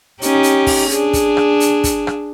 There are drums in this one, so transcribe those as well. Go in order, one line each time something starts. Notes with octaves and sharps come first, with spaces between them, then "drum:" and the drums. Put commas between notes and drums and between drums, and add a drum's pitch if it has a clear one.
C#4 D#4 G4, drum: hi-hat
drum: hi-hat
drum: kick, open hi-hat
D4 G#4, drum: hi-hat
drum: kick, hi-hat
drum: rim click
drum: hi-hat
drum: kick, hi-hat
drum: rim click